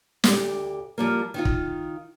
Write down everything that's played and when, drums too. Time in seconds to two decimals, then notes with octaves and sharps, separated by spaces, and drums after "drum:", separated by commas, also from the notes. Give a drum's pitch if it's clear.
0.24 D2 G4, drum: snare
0.98 F3 G3 A#3
1.34 D#3 D#4 F4
1.45 drum: kick